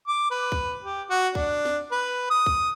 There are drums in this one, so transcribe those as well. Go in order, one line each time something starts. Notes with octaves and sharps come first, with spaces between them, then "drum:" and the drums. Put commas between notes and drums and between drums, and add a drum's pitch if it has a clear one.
D6
B4
drum: kick C2
G4
F#4
D4, drum: kick C2
drum: snare
B4
D#6
drum: kick C2